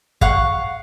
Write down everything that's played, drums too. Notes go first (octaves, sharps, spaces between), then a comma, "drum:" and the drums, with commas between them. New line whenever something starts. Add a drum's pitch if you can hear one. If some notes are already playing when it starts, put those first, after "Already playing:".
F5 F#5 C#6, drum: kick